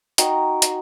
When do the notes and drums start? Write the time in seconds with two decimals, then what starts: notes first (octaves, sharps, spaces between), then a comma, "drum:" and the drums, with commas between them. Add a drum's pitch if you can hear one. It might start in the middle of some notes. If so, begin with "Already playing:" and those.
0.18 D#4 F#4 G5, drum: hi-hat
0.62 drum: hi-hat